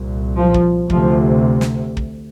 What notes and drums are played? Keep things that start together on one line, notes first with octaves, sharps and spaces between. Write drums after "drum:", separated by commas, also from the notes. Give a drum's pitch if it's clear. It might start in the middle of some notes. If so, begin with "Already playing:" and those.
Already playing: C2 A#2
F3
drum: kick
D2 C3 F3, drum: kick
drum: snare
drum: kick